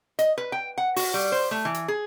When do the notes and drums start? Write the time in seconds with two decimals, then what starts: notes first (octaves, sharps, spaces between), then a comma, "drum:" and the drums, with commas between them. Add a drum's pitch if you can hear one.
0.19 D#5, drum: hi-hat
0.38 B4
0.52 G5
0.78 F#5
0.96 F#4, drum: open hi-hat
1.14 G3
1.32 C5
1.51 A3
1.65 E3
1.74 drum: hi-hat
1.88 G#4